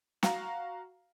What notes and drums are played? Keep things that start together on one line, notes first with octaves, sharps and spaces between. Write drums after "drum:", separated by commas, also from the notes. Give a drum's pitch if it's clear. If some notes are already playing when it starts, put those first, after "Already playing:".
F#4 F5 A#5, drum: snare